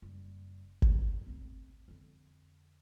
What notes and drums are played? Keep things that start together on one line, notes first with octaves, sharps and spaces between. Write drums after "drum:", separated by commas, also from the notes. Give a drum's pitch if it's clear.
F#1 G3
F2, drum: kick G1
A3 C4
F2 D3